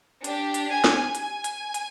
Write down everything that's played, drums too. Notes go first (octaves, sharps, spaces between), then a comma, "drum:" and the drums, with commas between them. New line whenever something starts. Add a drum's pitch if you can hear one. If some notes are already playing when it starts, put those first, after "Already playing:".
D4 G4 G5, drum: hi-hat
drum: hi-hat
G#5
drum: snare
G#5, drum: hi-hat
drum: hi-hat
drum: hi-hat